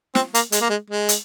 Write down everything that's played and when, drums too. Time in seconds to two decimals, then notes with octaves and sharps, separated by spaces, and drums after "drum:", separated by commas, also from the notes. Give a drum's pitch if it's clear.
0.15 C4, drum: snare
0.34 A#3, drum: hi-hat
0.52 G#3, drum: hi-hat
0.61 A#3
0.70 G#3
0.90 G#3
1.09 drum: hi-hat